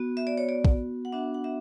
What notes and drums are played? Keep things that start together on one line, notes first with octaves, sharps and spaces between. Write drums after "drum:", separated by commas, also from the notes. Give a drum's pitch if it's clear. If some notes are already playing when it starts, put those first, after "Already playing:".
Already playing: B3 F#4
E5
D5
C#5
D5
drum: kick
F#5
B3 D4 F#4 E5
F#5
E5